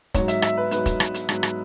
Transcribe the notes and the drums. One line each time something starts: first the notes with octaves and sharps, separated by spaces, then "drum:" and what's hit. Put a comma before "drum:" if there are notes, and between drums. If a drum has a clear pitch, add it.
G#2 F#3 C#5, drum: kick, hi-hat
E5, drum: hi-hat
E5, drum: rim click
B4
G#2 F#3 B4, drum: hi-hat
drum: kick, hi-hat
drum: rim click
drum: hi-hat
G#2 F#3, drum: rim click
drum: rim click